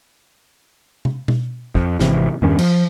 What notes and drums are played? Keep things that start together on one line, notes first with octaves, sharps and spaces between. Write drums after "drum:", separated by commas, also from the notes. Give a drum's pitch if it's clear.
drum: tom C3
drum: tom B2
F2, drum: kick
G#1 C3 E3, drum: snare
E2 G2 D#3 C#4
F3, drum: cymbal